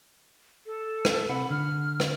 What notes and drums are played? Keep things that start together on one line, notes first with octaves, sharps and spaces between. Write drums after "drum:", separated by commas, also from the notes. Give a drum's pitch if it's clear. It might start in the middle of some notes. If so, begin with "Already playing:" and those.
A4
drum: rim click
C3 F#5 B5
D3 F6
drum: rim click